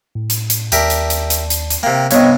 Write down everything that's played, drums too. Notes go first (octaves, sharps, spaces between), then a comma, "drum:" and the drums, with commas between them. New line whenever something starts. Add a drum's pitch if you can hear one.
A2
drum: hi-hat
drum: hi-hat
D#2 G4 A#4 D5 E5 A5, drum: hi-hat
drum: hi-hat
drum: hi-hat
drum: hi-hat
drum: hi-hat
drum: hi-hat
C3 A#3 G5
G2 C3 B3 C#5 D#5, drum: hi-hat